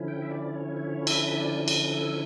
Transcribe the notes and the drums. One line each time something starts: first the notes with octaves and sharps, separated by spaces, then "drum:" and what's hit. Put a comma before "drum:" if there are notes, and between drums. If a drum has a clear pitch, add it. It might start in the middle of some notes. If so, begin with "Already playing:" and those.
Already playing: D3 F3 C#4 E4
G5
E5
D5
C#5
C#5
E5, drum: cymbal
D5
drum: cymbal
A4